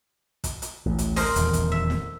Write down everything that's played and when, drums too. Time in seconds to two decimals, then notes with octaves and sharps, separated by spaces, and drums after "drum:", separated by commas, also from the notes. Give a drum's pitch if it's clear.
0.44 drum: kick, hi-hat
0.62 drum: hi-hat
0.85 A1 D2
0.98 drum: hi-hat
1.16 A#4 C5 D#5, drum: open hi-hat
1.36 D#1 E2 D3, drum: hi-hat
1.53 drum: kick, hi-hat
1.72 E5
1.90 drum: snare